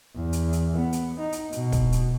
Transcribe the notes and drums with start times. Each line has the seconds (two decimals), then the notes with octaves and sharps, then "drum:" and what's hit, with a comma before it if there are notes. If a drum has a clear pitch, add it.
0.16 E2
0.33 drum: hi-hat
0.53 drum: hi-hat
0.77 B3
0.93 drum: hi-hat
1.20 D#4
1.32 drum: hi-hat
1.52 B2, drum: hi-hat
1.72 drum: kick, hi-hat
1.92 drum: hi-hat